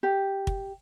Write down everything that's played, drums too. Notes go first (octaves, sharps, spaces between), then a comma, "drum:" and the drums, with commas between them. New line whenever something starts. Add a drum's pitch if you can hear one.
G4
drum: kick